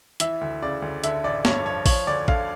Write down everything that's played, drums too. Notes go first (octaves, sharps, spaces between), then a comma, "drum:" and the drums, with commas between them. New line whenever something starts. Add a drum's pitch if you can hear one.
E3 E5, drum: hi-hat
D2
C#3 D5
D2
D3 E5, drum: hi-hat
A1 D5
G2 C#5, drum: snare
F3 C#5
F3 C#5, drum: kick A1, open hi-hat
D2 D5
D3 F5, drum: kick A1